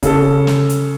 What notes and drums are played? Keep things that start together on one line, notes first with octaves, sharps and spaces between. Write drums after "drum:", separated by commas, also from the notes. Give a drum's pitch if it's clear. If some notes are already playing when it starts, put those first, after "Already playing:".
C#3 A4, drum: kick, hi-hat
drum: snare
drum: hi-hat